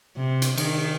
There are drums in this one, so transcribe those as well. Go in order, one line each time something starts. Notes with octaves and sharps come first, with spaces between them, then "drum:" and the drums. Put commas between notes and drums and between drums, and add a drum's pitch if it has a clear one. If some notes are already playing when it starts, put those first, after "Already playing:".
C3
drum: hi-hat
D#3, drum: cymbal